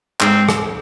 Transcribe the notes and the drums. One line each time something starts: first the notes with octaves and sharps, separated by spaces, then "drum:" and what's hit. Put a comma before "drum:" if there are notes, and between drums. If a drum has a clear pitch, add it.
G#2 C4, drum: clap
drum: rim click